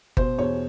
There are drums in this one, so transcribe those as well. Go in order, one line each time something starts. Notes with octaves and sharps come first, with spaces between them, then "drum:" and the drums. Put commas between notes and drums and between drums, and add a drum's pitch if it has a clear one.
B2 C5, drum: kick G1
E2 C#5